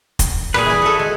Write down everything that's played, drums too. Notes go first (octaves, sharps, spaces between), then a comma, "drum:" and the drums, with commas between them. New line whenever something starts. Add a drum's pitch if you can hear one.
drum: kick, hi-hat
A#2 F#3 G3 G#4 B4, drum: rim click
E3 G#5
F#4 A4
G#3 G#5